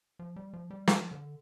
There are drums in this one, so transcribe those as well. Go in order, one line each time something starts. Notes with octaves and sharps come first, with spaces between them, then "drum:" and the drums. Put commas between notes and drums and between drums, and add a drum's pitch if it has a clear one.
F3
G3
F3
G3
F3, drum: snare
D3